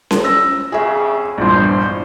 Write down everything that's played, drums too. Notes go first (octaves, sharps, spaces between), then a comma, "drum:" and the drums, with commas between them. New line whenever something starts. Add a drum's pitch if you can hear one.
drum: snare C#4
E6 A#6
F2 C#3 G#4 E5
A#1 E2 G2 B2 C5